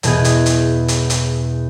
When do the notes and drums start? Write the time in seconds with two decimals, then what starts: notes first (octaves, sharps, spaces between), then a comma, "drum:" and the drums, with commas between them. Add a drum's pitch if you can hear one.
0.03 E2 B2 B3 G#4, drum: hi-hat
0.24 drum: hi-hat
0.46 drum: hi-hat
0.88 drum: hi-hat
1.10 drum: hi-hat